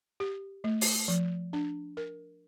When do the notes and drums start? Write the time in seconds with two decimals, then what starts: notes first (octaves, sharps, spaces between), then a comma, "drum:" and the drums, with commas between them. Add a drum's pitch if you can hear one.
0.20 G4
0.64 A3
0.81 drum: open hi-hat
1.08 F3
1.53 D4
1.97 A#4